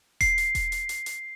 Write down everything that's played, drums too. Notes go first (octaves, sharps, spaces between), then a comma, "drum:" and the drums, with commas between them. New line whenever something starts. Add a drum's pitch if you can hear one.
C7, drum: kick E1, hi-hat
drum: hi-hat
drum: kick E1, hi-hat
drum: hi-hat
drum: hi-hat
drum: hi-hat